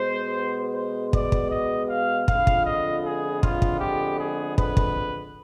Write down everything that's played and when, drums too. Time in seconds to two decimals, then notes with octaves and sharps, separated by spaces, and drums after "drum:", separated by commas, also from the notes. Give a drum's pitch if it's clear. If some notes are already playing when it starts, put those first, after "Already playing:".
Already playing: B2 G#3 B3 C5
0.75 C5
1.13 D5, drum: kick
1.32 drum: kick
1.51 D#5
1.90 F5
2.28 F2 D3 G#3 B3 F4 F5, drum: kick
2.47 drum: kick
2.66 D#5
3.05 G#4
3.43 F4, drum: kick
3.62 drum: kick
3.80 G4
4.20 G#4
4.58 B4, drum: kick
4.77 drum: kick